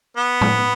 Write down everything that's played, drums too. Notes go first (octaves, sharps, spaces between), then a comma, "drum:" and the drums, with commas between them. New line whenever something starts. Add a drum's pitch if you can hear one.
B3
drum: tom